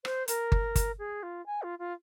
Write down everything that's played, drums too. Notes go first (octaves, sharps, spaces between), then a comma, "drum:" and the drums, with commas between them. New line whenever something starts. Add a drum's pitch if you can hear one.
C5, drum: rim click
A#4, drum: hi-hat
drum: kick G1
drum: kick G1, hi-hat
G#4
F4
G#5
F4
F4